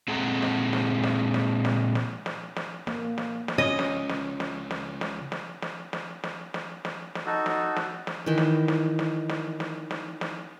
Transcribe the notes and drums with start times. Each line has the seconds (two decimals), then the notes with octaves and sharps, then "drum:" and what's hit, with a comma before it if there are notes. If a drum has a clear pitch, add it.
0.08 A#2 G#3 C4 A4 F#5 A#5
0.42 drum: snare
0.73 drum: snare
1.04 drum: snare
1.34 drum: snare
1.65 drum: snare
1.95 drum: snare
2.26 drum: snare
2.56 drum: snare
2.87 A#3, drum: snare
3.18 drum: snare
3.48 drum: snare
3.58 C#2 C#4 D#5
3.79 drum: snare
4.09 drum: snare
4.40 drum: snare
4.71 drum: snare
5.01 drum: snare
5.32 drum: snare
5.62 drum: snare
5.93 drum: snare
6.24 drum: snare
6.54 drum: snare
6.85 drum: snare
7.15 drum: snare
7.26 D#4 F#4 A4
7.46 drum: snare
7.76 drum: snare
8.07 drum: snare
8.26 D#3 E3
8.38 drum: snare
8.68 drum: snare
8.99 drum: snare
9.29 drum: snare
9.60 drum: snare
9.91 drum: snare
10.21 drum: snare